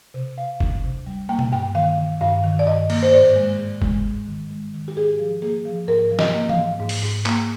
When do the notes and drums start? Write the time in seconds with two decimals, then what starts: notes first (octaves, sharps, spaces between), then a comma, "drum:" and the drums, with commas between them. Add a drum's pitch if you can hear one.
0.14 C3
0.37 C3 F5
0.60 D2, drum: kick
0.84 C3
1.06 G3
1.29 A#3 G5
1.39 drum: tom B2
1.52 G2 G5
1.75 D#3 F5
1.98 D#3
2.21 G2 F5
2.44 D#3
2.59 D5
2.67 G2 D#5
2.90 A#3, drum: cymbal
3.02 C5
3.13 G#2 D5
3.36 G#3
3.59 G#2
3.82 G#3, drum: kick
4.05 G#2
4.28 D#3
4.50 G#3
4.74 D#3
4.88 G4
4.96 G#2 G#4
5.19 F3
5.42 A#3 G#4
5.65 F3
5.88 G#2 A#4
6.11 F3
6.19 D#5, drum: snare
6.34 A#3
6.49 F5, drum: tom
6.57 G#2
6.80 G#2
6.89 drum: open hi-hat
7.03 G#2
7.26 A#3, drum: clap